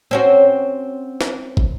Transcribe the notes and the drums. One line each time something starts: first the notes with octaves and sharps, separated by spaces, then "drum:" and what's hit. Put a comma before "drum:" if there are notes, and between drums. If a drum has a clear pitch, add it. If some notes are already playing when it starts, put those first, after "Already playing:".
C4 C#4 F#4
drum: snare
drum: kick